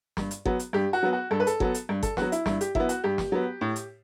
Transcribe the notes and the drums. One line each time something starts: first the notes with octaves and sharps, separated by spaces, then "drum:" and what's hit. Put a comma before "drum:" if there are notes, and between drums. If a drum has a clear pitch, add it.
G2, drum: snare
drum: hi-hat
F#3 B3, drum: kick G1
drum: hi-hat
G2 G4
F#4
F#3 B3
F#4
G2 A4
B4
A4, drum: hi-hat
F#3 B3, drum: kick G1
drum: hi-hat
G2
A4, drum: kick G1, hi-hat
F#3 B3 F#4, drum: snare
E4, drum: hi-hat
G2 E4, drum: snare
G4, drum: hi-hat
F#3 B3 E4, drum: kick G1
F#4, drum: hi-hat
G2 G4
drum: snare
F#3 B3
A2
drum: hi-hat